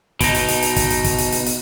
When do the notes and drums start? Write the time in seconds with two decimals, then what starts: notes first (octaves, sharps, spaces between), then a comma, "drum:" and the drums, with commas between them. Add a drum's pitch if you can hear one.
0.21 B2 D#4, drum: kick, hi-hat
0.35 drum: hi-hat
0.48 drum: hi-hat
0.62 drum: hi-hat
0.76 drum: kick, hi-hat
0.90 drum: hi-hat
1.04 drum: kick, hi-hat
1.18 drum: hi-hat
1.32 drum: hi-hat
1.46 drum: hi-hat